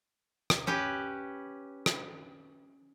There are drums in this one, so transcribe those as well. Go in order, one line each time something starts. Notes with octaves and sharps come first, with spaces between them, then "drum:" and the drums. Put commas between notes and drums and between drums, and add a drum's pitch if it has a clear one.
drum: rim click
C#4 G4 B4
drum: rim click